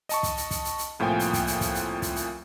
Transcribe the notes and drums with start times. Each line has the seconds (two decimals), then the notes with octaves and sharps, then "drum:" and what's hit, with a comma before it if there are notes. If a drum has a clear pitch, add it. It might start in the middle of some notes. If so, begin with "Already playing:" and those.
0.09 D#5 A5 C#6, drum: hi-hat
0.23 drum: kick, hi-hat
0.37 drum: hi-hat
0.51 drum: kick, hi-hat
0.64 drum: hi-hat
0.78 drum: hi-hat
0.99 C2 A2 F3 A#3 G5 G#5
1.19 drum: hi-hat
1.33 drum: kick, hi-hat
1.47 drum: hi-hat
1.61 drum: kick, hi-hat
1.75 drum: hi-hat
2.02 drum: kick, hi-hat
2.16 drum: hi-hat